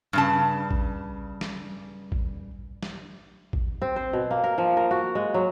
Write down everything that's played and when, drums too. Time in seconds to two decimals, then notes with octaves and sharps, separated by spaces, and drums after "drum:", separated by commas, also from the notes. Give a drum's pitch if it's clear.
0.13 G2 C#3 A5
0.71 drum: kick A1
1.41 drum: snare
2.12 drum: kick A1
2.83 drum: snare
3.53 drum: kick A1
3.82 C4
3.96 C5
4.13 B2
4.31 A#3
4.44 A#4
4.58 F3
4.77 A#4
4.91 F#4
5.15 G#3
5.34 F#3